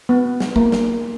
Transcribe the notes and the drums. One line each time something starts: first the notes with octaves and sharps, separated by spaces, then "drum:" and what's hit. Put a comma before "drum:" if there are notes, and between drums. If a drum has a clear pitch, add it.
B3
drum: snare
A#3, drum: kick
drum: snare